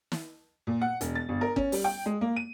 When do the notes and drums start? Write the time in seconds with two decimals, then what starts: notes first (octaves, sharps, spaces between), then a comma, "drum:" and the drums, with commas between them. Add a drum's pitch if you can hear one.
0.12 drum: snare
0.67 A#2
0.81 F#5
1.01 E1, drum: hi-hat
1.15 A6
1.29 G1
1.41 A#4
1.56 C#4, drum: kick
1.72 G3, drum: open hi-hat
1.84 G5
2.06 G#3
2.21 A#3
2.36 D#7